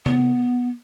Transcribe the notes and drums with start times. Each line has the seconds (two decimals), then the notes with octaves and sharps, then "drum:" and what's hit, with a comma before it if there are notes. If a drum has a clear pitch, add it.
0.06 B3, drum: tom C3